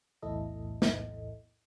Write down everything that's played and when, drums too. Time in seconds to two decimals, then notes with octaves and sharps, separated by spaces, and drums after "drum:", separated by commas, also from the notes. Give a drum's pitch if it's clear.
0.22 B1 E2 A2 E4 A4 D#5
0.82 drum: snare